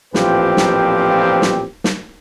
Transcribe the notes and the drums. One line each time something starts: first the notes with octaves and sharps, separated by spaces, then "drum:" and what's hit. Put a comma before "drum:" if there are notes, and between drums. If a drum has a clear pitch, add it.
A1 A#2 F3 C4 G4 B4, drum: snare
drum: snare
drum: snare
drum: snare